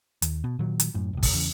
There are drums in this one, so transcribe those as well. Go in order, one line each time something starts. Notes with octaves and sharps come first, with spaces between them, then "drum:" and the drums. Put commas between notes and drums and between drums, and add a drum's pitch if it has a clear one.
D#2, drum: hi-hat
B2
A#2 D#3 F#3
drum: hi-hat
F#2 A2
E1 C#2
drum: kick, open hi-hat
E2 C#3